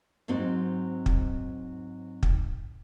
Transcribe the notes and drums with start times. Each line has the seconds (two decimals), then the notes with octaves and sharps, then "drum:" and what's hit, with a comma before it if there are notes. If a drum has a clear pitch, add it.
0.28 G#2 F#3 C4 D#4
1.06 drum: kick
2.23 drum: kick